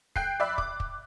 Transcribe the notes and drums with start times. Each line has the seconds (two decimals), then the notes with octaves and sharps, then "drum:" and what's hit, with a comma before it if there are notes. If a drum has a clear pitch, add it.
0.16 G5 F#6 C7, drum: kick
0.40 D5 E5 B5 F#6
0.58 D6, drum: kick
0.80 drum: kick